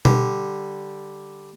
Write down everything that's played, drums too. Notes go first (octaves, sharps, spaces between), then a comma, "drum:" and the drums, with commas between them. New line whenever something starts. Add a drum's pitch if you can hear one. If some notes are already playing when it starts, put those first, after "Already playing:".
D3 G3, drum: tom B2